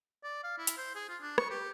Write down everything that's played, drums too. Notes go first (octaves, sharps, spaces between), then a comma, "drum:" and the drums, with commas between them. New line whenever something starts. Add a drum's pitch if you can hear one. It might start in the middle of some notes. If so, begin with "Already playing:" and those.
D5
F5
E4
drum: hi-hat
C5
G#4
F4
D4
C#6, drum: rim click
G4